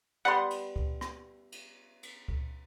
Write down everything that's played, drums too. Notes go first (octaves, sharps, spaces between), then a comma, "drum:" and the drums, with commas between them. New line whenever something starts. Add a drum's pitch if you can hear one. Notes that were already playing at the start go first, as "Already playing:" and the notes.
G3 B3 F#5 C6
drum: cymbal
drum: kick C#2
drum: rim click
drum: cymbal
drum: cymbal
drum: kick C#2